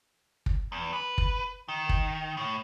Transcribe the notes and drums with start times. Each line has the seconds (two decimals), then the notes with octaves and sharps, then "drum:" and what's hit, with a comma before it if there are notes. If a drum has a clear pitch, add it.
0.46 drum: kick
0.72 E2
0.93 B4
1.18 drum: kick
1.68 D#3
1.89 drum: kick
2.37 A2